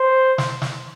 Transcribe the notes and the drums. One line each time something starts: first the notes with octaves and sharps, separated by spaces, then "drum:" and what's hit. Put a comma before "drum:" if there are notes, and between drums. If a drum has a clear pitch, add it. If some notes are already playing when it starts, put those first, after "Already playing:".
Already playing: C5
drum: snare
drum: snare